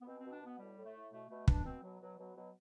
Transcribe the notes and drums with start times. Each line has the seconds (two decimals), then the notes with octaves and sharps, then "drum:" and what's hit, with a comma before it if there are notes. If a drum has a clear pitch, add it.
0.01 B3
0.06 B2 C4
0.19 C4
0.25 B2
0.32 D4
0.41 B2 B3
0.59 A2 G3
0.76 A2
0.85 A3
0.95 A2
1.12 B2 A3
1.29 B2 A3
1.48 B2 D4, drum: kick
1.65 B2 C4
1.83 B2 F#3
2.00 B2 F#3
2.17 B2 F#3
2.35 B2 F#3